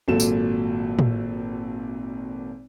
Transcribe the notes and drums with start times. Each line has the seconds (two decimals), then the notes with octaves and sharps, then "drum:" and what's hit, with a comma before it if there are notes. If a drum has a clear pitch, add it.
0.08 G#1 A#2 F#3 A#3 A4 E7
0.20 drum: tambourine
0.99 drum: tom